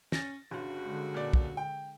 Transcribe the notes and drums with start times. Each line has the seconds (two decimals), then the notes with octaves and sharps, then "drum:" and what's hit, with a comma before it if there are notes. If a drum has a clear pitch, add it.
0.12 C#4 A6 A#6, drum: snare
0.51 G1 G2 C#3 F#4
0.84 D3 G#3
1.14 A#2 D5
1.33 drum: kick
1.57 G5